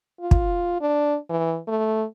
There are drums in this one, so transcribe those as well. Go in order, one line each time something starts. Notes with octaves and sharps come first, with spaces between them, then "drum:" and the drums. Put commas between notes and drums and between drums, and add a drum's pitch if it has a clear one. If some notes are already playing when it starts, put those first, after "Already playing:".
F4
drum: kick
D4
E3
A3